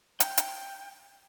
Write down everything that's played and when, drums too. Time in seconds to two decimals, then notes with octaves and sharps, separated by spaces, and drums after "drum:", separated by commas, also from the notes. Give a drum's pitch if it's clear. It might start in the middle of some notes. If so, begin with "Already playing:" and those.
0.20 G5, drum: hi-hat
0.38 drum: hi-hat